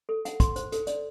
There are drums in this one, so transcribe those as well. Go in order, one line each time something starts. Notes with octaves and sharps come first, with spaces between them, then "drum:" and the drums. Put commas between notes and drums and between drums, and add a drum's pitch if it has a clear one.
A4
F#5, drum: hi-hat
C6, drum: kick, hi-hat
C5, drum: hi-hat
A4, drum: hi-hat
D5, drum: hi-hat